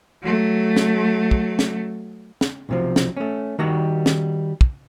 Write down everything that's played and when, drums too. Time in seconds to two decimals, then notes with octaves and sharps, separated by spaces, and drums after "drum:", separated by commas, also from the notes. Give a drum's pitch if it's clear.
0.22 F#3 A3
0.76 drum: snare
1.31 drum: kick
1.59 drum: snare
2.41 drum: snare
2.69 B1 C3 F3
2.96 drum: snare
3.17 A3 C#4
3.59 D#3 G3 F#4 A#5
4.06 drum: snare
4.61 drum: kick